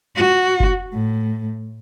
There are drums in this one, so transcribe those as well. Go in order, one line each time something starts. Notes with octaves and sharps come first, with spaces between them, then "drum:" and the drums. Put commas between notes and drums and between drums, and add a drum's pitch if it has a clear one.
F#4
drum: kick F#1
A2